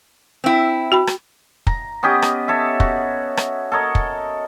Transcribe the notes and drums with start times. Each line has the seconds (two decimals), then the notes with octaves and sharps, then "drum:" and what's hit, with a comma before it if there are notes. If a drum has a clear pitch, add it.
0.44 C4 E4
0.92 F#4 G5 B5
1.07 drum: rim click
1.67 A#5, drum: kick
2.03 B3 C#4 G4 D#5
2.22 drum: rim click
2.48 A4 C#5 E5
2.80 F#4, drum: kick
3.37 drum: rim click
3.72 A4 A#4 C#5 D#5
3.95 drum: kick